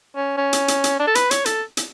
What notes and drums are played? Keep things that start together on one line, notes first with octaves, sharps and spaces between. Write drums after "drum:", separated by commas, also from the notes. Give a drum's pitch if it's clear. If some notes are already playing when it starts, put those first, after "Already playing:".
C#4
C#4
drum: hi-hat
drum: hi-hat
drum: hi-hat
D4
A4
B4, drum: hi-hat
C#5, drum: hi-hat
A4, drum: hi-hat
drum: hi-hat